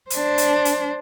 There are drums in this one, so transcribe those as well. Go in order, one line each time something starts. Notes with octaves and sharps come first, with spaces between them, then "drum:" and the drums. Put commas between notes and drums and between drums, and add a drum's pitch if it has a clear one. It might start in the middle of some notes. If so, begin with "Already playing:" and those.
D4 C5, drum: hi-hat
drum: hi-hat
drum: hi-hat